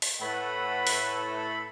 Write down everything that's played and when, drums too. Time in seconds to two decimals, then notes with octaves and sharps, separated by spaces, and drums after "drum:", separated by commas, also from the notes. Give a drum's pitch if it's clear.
0.02 drum: open hi-hat
0.21 A2 A3 A4 B4 F#5 B5
0.87 drum: open hi-hat